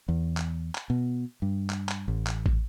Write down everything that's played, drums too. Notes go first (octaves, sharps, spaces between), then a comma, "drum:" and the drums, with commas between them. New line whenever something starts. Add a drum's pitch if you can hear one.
E2
drum: clap
drum: clap
B2
G2
drum: clap
drum: clap
A1
drum: clap
drum: kick